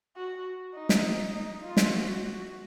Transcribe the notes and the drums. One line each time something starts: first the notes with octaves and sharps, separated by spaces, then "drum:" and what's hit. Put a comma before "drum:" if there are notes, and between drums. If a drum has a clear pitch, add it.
F#4
D#4
drum: snare
F4
drum: snare
F#4